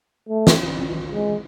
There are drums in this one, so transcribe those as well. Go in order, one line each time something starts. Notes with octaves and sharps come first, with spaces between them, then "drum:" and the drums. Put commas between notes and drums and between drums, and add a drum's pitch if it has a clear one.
A3
drum: snare
G#3